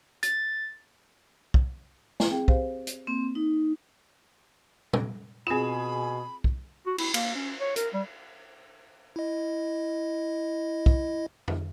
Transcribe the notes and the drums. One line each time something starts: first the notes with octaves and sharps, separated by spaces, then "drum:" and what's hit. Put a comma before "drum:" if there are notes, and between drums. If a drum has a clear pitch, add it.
A6, drum: hi-hat
drum: kick
drum: snare
C4 G#4 G5
G4 C5 F5, drum: kick
drum: hi-hat
A#3 C4
D#4
drum: tom A#2
B2 C4 F4 G#4 B5 E7
drum: kick
F#4
E4, drum: cymbal
A#3, drum: cymbal
C#4
C#5
A#4, drum: hi-hat
G3
E4 D#5
drum: kick
drum: tom F2